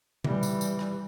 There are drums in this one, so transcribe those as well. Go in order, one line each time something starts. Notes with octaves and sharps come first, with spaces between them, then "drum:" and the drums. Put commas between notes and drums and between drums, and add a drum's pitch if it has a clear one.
E3 G3, drum: tom C3
drum: tambourine
drum: tambourine
drum: rim click